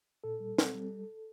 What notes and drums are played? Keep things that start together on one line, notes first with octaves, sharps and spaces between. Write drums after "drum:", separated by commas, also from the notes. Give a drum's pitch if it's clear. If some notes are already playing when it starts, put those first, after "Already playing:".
A#2 A4
G3
C4, drum: snare
G3